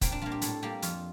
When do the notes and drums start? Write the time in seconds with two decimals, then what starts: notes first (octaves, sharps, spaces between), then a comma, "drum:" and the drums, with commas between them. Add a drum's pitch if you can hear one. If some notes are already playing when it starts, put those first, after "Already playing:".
0.01 A#2 C4, drum: kick, hi-hat
0.12 D4
0.22 G3 A#3 F4
0.32 G4
0.42 A2 A4, drum: hi-hat
0.63 G3 A#3 G4
0.82 F2 F4, drum: hi-hat